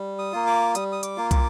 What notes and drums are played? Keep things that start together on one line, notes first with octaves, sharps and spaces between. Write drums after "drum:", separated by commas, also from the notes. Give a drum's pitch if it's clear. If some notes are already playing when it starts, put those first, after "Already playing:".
Already playing: G3
D#6
A#3 F4
D6
G3 D#6, drum: hi-hat
D#6
D6, drum: hi-hat
A#3 F4
D6, drum: kick, hi-hat